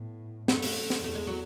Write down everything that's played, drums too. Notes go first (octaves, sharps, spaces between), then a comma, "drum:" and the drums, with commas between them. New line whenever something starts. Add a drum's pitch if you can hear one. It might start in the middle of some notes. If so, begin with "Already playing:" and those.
Already playing: A2 B3
F#2 A3, drum: snare
drum: open hi-hat
drum: snare
E2 A3
G#3
F#3